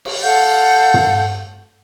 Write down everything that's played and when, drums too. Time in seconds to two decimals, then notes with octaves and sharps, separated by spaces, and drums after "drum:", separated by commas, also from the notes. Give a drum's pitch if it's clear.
0.05 drum: cymbal
0.23 A4 F5 F#5 G6
0.94 drum: tom